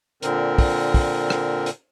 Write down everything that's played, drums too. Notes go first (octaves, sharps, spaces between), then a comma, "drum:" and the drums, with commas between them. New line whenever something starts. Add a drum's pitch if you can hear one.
A#2 D3 C4 A#4, drum: hi-hat
drum: kick, open hi-hat
drum: kick, open hi-hat
drum: rim click
drum: hi-hat